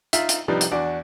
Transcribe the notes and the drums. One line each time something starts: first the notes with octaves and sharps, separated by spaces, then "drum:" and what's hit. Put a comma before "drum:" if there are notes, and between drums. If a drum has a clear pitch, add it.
D#4 F4 E5, drum: hi-hat
drum: hi-hat
C3 F3 G3 D4 D#4 B4
drum: hi-hat
E2 D4 F#4 D6